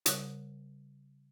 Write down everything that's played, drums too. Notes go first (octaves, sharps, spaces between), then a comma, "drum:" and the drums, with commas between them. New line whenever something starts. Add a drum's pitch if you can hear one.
C#3 G3 A#4 C#5 D#6 F#6, drum: hi-hat